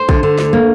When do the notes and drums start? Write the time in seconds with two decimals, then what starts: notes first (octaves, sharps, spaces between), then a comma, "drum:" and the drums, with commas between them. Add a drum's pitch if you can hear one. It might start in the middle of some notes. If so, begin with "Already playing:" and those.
Already playing: C5
0.09 D3, drum: kick A#1
0.23 D3
0.38 D2, drum: snare
0.53 A#3